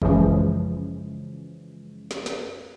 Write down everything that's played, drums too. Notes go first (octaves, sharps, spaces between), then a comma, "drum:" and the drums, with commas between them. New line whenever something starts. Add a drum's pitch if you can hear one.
F#2 C#3 E3 F3 G#3, drum: kick
drum: snare
drum: snare